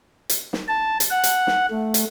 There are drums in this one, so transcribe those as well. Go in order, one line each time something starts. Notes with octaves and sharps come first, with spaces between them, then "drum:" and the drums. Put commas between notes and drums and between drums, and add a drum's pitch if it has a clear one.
drum: hi-hat
drum: snare
A5
drum: hi-hat
F#5
drum: hi-hat
drum: snare
A3
drum: hi-hat